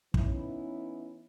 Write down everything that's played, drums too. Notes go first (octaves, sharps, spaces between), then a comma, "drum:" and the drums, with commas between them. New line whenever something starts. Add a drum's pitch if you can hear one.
E3 B3 C#4 D#4 E4, drum: kick